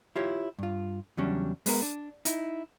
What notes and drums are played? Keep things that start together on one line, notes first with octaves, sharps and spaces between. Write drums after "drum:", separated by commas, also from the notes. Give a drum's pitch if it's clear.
E4 F4 G4 C#5
G2 F4
E2 C#3 F#3 G3 C#4 D4
G#3 B3 A#4, drum: open hi-hat
D4
D#4 E4, drum: hi-hat